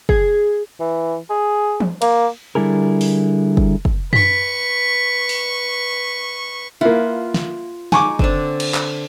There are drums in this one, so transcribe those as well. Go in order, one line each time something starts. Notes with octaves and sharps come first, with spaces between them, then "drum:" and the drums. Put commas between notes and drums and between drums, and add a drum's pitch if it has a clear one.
G#4, drum: kick
E3
G#4
drum: tom
A#3, drum: cymbal
D3 G3 E4 G#4 A#4
drum: open hi-hat
drum: kick
drum: kick
B4 C#6 B6, drum: tom F#2
drum: open hi-hat
A#3 E4 F4 B4 F#5
drum: snare
G#3 D#4 G#5 C#6 D6, drum: snare
D3 C4 D4, drum: kick
drum: cymbal
drum: clap